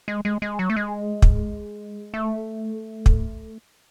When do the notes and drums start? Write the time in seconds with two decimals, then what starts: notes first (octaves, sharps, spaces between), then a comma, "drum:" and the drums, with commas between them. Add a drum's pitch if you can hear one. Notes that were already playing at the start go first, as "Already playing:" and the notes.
0.08 G#3
0.25 G#3
0.42 G#3
0.59 F#3
0.70 A3
0.76 G#3
1.22 drum: kick
2.14 A3
3.06 drum: kick